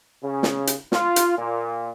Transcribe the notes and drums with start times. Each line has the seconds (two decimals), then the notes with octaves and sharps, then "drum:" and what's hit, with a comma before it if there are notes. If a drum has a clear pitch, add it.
0.24 C#3
0.43 drum: snare
0.67 drum: hi-hat
0.92 F4, drum: snare
1.16 drum: hi-hat
1.37 A#2